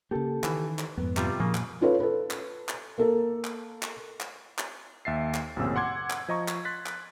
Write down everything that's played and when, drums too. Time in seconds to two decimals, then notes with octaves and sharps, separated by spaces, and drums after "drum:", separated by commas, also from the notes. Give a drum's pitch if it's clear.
0.11 C#3 A#3 G4 A4
0.44 D#3 E3, drum: clap
0.79 drum: clap
0.98 F2 G#2 B3
1.17 C3 G3 F4, drum: clap
1.40 A#2 C#3 F3 A#3
1.55 drum: clap
1.81 C#4 F4 A4 B4 C#5
2.00 A4 B4
2.31 drum: clap
2.69 drum: clap
2.98 A#3 A4 A#4
3.45 drum: clap
3.82 drum: clap
4.20 drum: clap
4.58 drum: clap
5.05 D#2 E5 A6 C7
5.34 drum: clap
5.56 A1 F#2 A#2 C#3 C4 E6
5.76 F#5 C6 D6 G#6
6.10 drum: clap
6.28 F3 D#5 A#5 C#6
6.48 drum: clap
6.65 C6 F#6 A6 B6
6.86 drum: clap